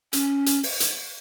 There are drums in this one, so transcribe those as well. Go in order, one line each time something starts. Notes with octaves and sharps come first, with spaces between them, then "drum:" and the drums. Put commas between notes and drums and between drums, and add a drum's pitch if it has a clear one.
C#4, drum: hi-hat
drum: hi-hat
drum: open hi-hat
drum: hi-hat